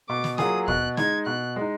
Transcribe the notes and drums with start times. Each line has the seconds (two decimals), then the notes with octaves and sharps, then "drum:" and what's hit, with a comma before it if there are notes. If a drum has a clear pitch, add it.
0.09 B2 D6
0.24 drum: snare
0.38 F#3 A#3 F4 G#4 D#6, drum: snare
0.68 B2 F#6, drum: kick D#2
0.97 G#3 D#4 G#6, drum: snare
1.26 B2 F#6
1.56 G#3 D#4